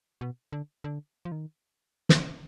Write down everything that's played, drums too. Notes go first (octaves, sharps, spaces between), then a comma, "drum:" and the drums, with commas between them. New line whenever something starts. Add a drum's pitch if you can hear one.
B2
D3
D3
F3
D#3
drum: snare